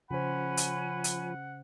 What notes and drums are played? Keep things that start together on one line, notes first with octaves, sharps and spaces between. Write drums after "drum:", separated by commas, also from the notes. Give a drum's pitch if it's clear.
C#3 F3 C#4 C5 F#5 G#5 B5
drum: hi-hat
drum: hi-hat